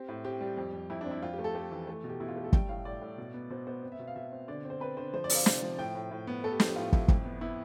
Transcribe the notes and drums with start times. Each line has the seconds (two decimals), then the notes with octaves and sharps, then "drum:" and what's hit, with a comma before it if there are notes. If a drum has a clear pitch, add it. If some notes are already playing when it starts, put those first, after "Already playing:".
Already playing: C4 G4
0.08 A2
0.25 C4 G4
0.41 G3
0.57 F2
0.73 F2
0.90 F2 E4
1.01 D4
1.06 C4
1.11 E4
1.22 F2 F4
1.33 G4
1.39 A3
1.44 A4
1.55 A3 G4
1.72 E3
1.87 A3
2.04 B2
2.09 G4
2.20 B2 E4
2.28 F4
2.36 A3 G4
2.44 A4
2.53 G3 G5, drum: kick
2.69 A2 F5
2.85 A2 D5
3.01 A2
3.18 B2
3.34 B3
3.50 B2 C5
3.67 B3 C5
3.83 C4
3.92 E5
3.99 B2
4.07 F5
4.16 B2 E5
4.32 C4
4.48 D3 D5
4.65 C4
4.70 C5
4.80 C4 B4
4.97 D3 C5
5.13 F3 C5
5.24 D5
5.30 C4, drum: open hi-hat
5.35 F5
5.46 C3, drum: snare
5.62 F3
5.78 A2 G5
5.95 A2
6.11 A2
6.27 B3
6.44 A3 A4
6.52 G4
6.60 F3, drum: snare
6.68 G4
6.76 A2 F4
6.93 A2 E4, drum: kick
7.08 F2, drum: kick
7.25 B3
7.41 B3 E4